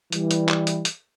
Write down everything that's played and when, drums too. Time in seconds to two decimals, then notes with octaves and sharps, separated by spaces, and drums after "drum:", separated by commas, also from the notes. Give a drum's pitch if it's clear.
0.12 E3 G3, drum: hi-hat
0.31 drum: hi-hat
0.49 drum: clap
0.67 drum: hi-hat
0.85 drum: hi-hat